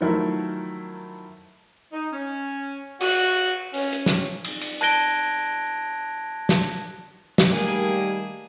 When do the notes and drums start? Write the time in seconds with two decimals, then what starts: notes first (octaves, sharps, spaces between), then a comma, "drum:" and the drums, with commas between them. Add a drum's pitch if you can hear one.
0.01 D#3 F3 F#3 A3 E4 A#4
1.93 D#4
2.11 C#4
3.01 F#4, drum: cymbal
3.74 C#4, drum: open hi-hat
3.93 drum: hi-hat
4.06 drum: snare
4.44 drum: cymbal
4.61 drum: cymbal
4.81 A5 F#6 G#6 A#6 D7 G7, drum: hi-hat
6.49 drum: snare
7.38 drum: snare
7.47 D#3 G3 A3 A#3 G#4